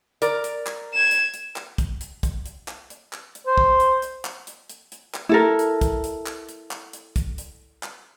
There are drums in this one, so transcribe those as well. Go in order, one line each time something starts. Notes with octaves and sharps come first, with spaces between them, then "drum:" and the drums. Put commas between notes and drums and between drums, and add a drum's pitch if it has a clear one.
A#4 D5, drum: hi-hat
drum: hi-hat
drum: clap
G#6 E7
drum: hi-hat
drum: hi-hat
drum: clap
drum: kick, hi-hat
drum: hi-hat
drum: kick, hi-hat
drum: hi-hat
drum: clap
drum: hi-hat
drum: clap
drum: hi-hat
C5
drum: kick
drum: hi-hat
drum: hi-hat
drum: clap
drum: hi-hat
drum: hi-hat
drum: hi-hat
drum: clap
E4 A4 A#4
drum: hi-hat
drum: kick, hi-hat
drum: hi-hat
drum: clap
drum: hi-hat
drum: clap
drum: hi-hat
drum: kick, hi-hat
drum: hi-hat
drum: clap